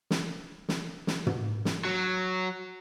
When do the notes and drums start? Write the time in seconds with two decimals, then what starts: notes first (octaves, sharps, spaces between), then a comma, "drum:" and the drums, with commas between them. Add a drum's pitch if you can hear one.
0.11 drum: snare
0.69 drum: snare
1.07 drum: snare
1.27 drum: tom
1.65 drum: snare
1.85 F#3